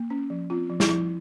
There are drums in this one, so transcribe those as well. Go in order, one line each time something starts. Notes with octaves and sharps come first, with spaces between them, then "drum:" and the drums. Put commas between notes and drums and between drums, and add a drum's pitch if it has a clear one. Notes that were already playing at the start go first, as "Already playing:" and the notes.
Already playing: A#3
C#4
F3
C4 F4
F3
E4, drum: snare
F3